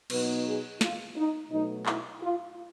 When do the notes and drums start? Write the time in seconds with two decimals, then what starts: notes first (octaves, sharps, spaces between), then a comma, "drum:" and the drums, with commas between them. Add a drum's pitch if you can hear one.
0.10 B2 F#3 B3 D#4 B4, drum: cymbal
0.46 G#4
0.81 F4, drum: snare
1.16 D#4
1.51 B2 F#3 A3 D#4
1.86 E4, drum: clap
2.21 F4